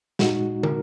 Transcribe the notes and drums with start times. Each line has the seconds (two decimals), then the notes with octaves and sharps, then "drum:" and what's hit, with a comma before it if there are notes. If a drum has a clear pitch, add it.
0.19 A#2 G#3 D#4 F#4, drum: snare
0.63 A#4, drum: tom